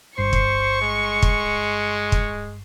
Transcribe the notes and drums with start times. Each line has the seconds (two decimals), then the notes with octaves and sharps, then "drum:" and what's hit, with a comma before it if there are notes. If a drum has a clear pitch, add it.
0.18 G1 G2 C5 C#6 C7
0.33 drum: kick
0.82 G#3
1.22 drum: kick
2.12 drum: kick